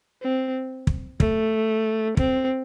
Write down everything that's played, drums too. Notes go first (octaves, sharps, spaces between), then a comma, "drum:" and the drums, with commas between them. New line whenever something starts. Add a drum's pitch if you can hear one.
C4
drum: kick
A3, drum: kick
C4, drum: kick